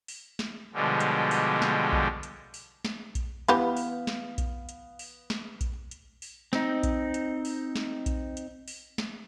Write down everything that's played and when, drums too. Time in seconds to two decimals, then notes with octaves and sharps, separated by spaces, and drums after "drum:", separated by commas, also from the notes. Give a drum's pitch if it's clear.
0.08 drum: open hi-hat
0.39 drum: snare
0.74 B2 D3 F3 G3 G#3
1.00 drum: hi-hat
1.31 drum: open hi-hat
1.62 drum: snare
1.92 drum: kick A#1
2.23 drum: hi-hat
2.54 drum: open hi-hat
2.85 drum: snare
3.15 drum: kick A#1, hi-hat
3.48 E3 B3 G4 B4 F5, drum: hi-hat
3.77 drum: open hi-hat
4.07 drum: snare
4.38 drum: kick A#1, hi-hat
4.69 drum: hi-hat
4.99 drum: open hi-hat
5.30 drum: snare
5.61 drum: kick A#1, hi-hat
5.91 drum: hi-hat
6.22 drum: open hi-hat
6.53 C4 D#4, drum: snare
6.83 drum: kick A#1, hi-hat
7.14 drum: hi-hat
7.45 drum: open hi-hat
7.75 drum: snare
8.06 drum: kick A#1, hi-hat
8.37 drum: hi-hat
8.68 drum: open hi-hat
8.98 drum: snare